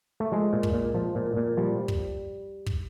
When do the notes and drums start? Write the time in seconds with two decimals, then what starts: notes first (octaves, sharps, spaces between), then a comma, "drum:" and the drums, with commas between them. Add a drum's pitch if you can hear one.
0.20 A3
0.32 F3 G#3
0.53 A#2
0.63 drum: kick
0.73 A#2
0.94 F3
1.15 A#2
1.37 A#2
1.57 F3 G3
1.88 drum: kick
2.66 drum: kick